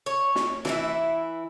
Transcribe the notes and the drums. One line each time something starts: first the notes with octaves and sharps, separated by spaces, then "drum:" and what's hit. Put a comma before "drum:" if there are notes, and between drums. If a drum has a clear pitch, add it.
C#5
drum: snare
E3 E4, drum: snare